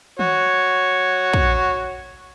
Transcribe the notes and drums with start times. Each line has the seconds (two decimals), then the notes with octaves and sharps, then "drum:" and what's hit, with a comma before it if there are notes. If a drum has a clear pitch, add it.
0.19 F#4 C#5, drum: tom D#3
1.33 drum: kick